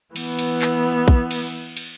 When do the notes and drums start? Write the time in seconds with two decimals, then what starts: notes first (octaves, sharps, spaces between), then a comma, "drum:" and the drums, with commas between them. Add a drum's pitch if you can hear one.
0.16 E3 B3, drum: cymbal
0.39 drum: cymbal
0.62 drum: clap
1.08 drum: kick
1.31 drum: cymbal
1.77 drum: cymbal